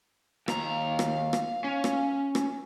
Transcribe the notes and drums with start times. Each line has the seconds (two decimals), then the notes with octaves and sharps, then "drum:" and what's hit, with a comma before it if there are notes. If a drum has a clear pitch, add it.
0.48 D#2 A#5, drum: rim click
0.69 F5
0.99 drum: rim click
1.33 drum: rim click
1.64 C#4
1.84 drum: rim click
2.35 drum: rim click